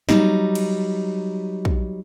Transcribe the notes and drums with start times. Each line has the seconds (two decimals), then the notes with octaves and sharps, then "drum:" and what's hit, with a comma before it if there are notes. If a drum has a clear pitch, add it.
0.09 F#3 G3 D#4, drum: snare
0.55 drum: cymbal
1.65 drum: kick